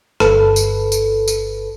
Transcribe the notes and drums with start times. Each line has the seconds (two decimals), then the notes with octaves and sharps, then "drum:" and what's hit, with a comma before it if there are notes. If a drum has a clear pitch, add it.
0.20 G1 A4 B4, drum: rim click
0.56 drum: tambourine
0.92 drum: tambourine
1.28 drum: tambourine